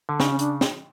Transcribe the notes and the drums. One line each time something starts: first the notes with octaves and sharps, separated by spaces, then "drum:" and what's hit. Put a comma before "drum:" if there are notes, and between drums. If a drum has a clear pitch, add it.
D3
C#3 D4, drum: snare
C#4
D4, drum: hi-hat
drum: snare